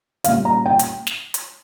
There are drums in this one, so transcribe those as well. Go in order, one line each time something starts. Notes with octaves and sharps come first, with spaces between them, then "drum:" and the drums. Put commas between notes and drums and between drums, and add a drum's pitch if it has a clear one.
A#2 G3 A#3 C#4 F5, drum: hi-hat
A#5
G5
drum: hi-hat
drum: snare
drum: hi-hat